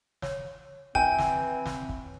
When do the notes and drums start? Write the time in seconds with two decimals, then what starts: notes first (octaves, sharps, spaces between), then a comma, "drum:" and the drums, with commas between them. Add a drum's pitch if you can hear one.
0.22 C#5, drum: snare
0.95 E3 C4 G5 G#5, drum: kick
1.19 drum: snare
1.66 drum: snare
1.89 drum: kick